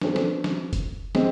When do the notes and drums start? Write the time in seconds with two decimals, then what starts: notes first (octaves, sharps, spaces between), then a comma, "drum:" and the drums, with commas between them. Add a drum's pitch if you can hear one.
0.02 B3 D4 F#4 A4 C5, drum: snare
0.16 drum: snare
0.44 drum: snare
0.73 drum: kick F1, hi-hat
1.15 G#3 C4, drum: snare